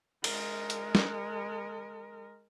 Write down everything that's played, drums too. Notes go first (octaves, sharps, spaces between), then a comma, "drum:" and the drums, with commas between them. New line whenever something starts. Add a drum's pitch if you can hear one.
G#3 A#4, drum: cymbal
drum: hi-hat
drum: snare